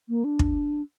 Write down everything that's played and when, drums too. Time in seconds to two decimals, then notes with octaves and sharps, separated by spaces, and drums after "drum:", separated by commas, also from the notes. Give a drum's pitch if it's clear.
0.09 A#3
0.24 D4
0.39 drum: kick